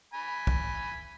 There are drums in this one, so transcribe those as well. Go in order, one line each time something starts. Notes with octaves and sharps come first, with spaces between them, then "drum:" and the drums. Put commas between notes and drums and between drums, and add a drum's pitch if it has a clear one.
G#5 B5
drum: kick